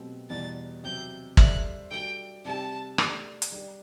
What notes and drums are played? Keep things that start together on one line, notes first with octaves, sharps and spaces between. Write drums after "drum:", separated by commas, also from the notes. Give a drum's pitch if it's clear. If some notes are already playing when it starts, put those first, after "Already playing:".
Already playing: B2 F#3 A3 C4 G4
E2 B2 G3 A6
C3 F#3 C4 G6
G3 D4 A4 C5 E5 F#6, drum: kick
G3 D4 F#4 A4 G5
C3 G3 C4 G4 A5
A3 D4 G4, drum: rim click
drum: hi-hat
G3 D4 G4